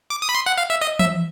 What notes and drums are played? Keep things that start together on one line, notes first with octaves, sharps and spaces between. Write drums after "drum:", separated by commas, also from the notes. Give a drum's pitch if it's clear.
D6
D#6
B5
C6
F#5
F5
E5
D#5
E5, drum: tom E3